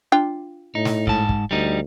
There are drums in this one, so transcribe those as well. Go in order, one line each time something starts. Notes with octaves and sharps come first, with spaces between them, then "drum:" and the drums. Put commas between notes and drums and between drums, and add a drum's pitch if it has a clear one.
D4 F4 G5
A2 D#4
drum: snare
G#2 A5, drum: kick
drum: kick
D2 G3 D#4